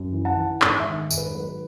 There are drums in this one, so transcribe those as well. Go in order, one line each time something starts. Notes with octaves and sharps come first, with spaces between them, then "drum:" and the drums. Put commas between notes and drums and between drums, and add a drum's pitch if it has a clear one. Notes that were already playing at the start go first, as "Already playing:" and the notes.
Already playing: F#2
E3
F#5 A5
E3
G#2, drum: clap
E5 G#5
D#3
G#2, drum: tambourine
B4
F#3 B4